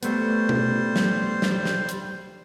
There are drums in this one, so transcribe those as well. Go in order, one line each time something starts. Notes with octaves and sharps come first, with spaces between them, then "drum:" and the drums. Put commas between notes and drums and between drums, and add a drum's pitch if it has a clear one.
G3 A3 B3 C5, drum: hi-hat
drum: tom B2
drum: snare
drum: snare
drum: snare
drum: hi-hat